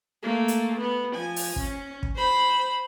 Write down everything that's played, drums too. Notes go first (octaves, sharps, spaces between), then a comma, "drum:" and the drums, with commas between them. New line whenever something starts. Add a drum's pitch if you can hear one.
A3 A#3
drum: hi-hat
B3
F3 G#5
drum: open hi-hat
C#4, drum: kick
drum: kick
C5 B5